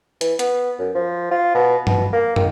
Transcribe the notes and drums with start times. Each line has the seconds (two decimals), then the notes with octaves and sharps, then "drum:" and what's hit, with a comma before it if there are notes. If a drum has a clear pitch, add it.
0.21 E3, drum: hi-hat
0.39 B3, drum: hi-hat
0.79 F#2
0.95 F3
1.31 F4
1.55 B2
1.87 B2, drum: tom G2
2.13 A#3
2.36 D#3, drum: tom